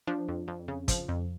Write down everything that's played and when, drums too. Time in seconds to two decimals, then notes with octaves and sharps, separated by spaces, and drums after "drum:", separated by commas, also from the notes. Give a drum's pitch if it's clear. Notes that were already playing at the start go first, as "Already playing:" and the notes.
0.07 F3 D4
0.28 F2
0.48 F2
0.68 C#3
0.88 F3, drum: kick, hi-hat
1.09 F2